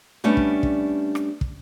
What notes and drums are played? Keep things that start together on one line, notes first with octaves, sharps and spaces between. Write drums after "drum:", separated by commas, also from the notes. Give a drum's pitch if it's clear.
G3 A3 B3 C#4 D4
drum: kick
drum: kick
drum: rim click
drum: kick